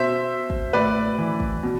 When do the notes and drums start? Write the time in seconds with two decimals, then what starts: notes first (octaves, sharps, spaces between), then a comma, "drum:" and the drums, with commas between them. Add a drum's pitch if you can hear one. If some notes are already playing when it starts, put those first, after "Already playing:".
Already playing: B2 C5 E5
0.50 drum: kick
0.73 A2 B4 D5
1.18 E3
1.40 drum: kick
1.63 B2